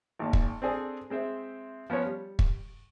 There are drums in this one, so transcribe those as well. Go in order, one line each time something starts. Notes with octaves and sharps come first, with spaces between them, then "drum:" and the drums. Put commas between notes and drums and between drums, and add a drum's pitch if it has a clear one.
G#1 A#2 A5
drum: kick
C4 D4 G#4 A4
G#3 C4 C5 E5
F3 B3 C#4 C#5
G3
drum: kick